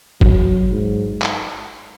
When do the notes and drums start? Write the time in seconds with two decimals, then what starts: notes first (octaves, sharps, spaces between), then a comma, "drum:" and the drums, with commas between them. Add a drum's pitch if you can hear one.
0.21 F#3, drum: kick
0.70 G#2
1.22 drum: clap